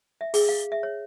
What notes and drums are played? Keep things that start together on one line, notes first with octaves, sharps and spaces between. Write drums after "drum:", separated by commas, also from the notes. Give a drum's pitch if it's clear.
E5
G#4, drum: open hi-hat
F5
E5
C#5